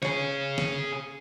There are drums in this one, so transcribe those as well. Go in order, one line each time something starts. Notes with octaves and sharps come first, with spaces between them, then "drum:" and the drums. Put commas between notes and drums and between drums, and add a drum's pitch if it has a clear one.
G#4 C#5, drum: snare
drum: snare